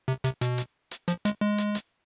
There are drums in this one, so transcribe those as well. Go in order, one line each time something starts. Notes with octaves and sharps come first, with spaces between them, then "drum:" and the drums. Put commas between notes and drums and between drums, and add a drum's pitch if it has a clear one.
C3
C3, drum: hi-hat
B2, drum: hi-hat
drum: hi-hat
drum: hi-hat
F3, drum: hi-hat
G#3, drum: hi-hat
G#3
drum: hi-hat
drum: hi-hat